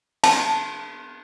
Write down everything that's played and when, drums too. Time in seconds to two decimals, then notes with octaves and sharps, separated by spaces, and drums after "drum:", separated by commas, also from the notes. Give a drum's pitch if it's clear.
0.24 A5, drum: cymbal